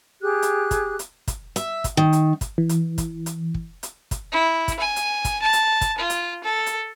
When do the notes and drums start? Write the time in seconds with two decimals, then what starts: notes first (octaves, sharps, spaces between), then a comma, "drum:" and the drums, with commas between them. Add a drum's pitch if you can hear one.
0.22 G4 G#4 F#6
0.42 drum: hi-hat
0.71 drum: kick, hi-hat
0.99 drum: hi-hat
1.28 drum: kick, hi-hat
1.56 E5, drum: hi-hat
1.84 drum: kick, hi-hat
1.97 D#3
2.13 drum: hi-hat
2.41 drum: kick, hi-hat
2.58 E3
2.69 drum: hi-hat
2.98 drum: kick, hi-hat
3.26 drum: hi-hat
3.54 drum: kick
3.83 drum: hi-hat
4.11 drum: kick, hi-hat
4.32 E4
4.68 drum: kick, hi-hat
4.80 G#5
4.96 drum: hi-hat
5.25 drum: kick, hi-hat
5.42 A5
5.53 drum: hi-hat
5.81 drum: kick, hi-hat
5.98 F4
6.10 drum: hi-hat
6.44 A4
6.66 drum: hi-hat